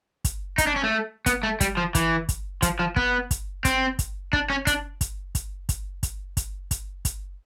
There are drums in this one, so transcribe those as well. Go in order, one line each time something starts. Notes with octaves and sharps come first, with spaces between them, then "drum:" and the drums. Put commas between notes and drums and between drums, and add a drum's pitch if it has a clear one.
drum: kick, hi-hat
D#4, drum: kick, hi-hat
D4
C#4
A3
B3, drum: kick, hi-hat
A3
G3, drum: kick, hi-hat
F3
E3, drum: kick, hi-hat
drum: kick, hi-hat
F3, drum: kick, hi-hat
F3
B3, drum: kick
drum: kick, hi-hat
C4, drum: kick, hi-hat
drum: kick, hi-hat
D4, drum: kick
C#4
D4, drum: kick, hi-hat
drum: kick, hi-hat
drum: kick, hi-hat
drum: kick, hi-hat
drum: kick, hi-hat
drum: kick, hi-hat
drum: kick, hi-hat
drum: kick, hi-hat